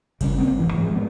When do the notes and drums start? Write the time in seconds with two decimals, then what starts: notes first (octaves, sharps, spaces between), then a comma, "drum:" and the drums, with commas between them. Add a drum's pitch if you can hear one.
0.21 C#3 G3 C#4, drum: kick F#1, cymbal
0.38 D1 C#2 A#3 C4
0.58 A1 B2 E3
0.73 G#2 E3 F3 G#3
0.95 A2 B3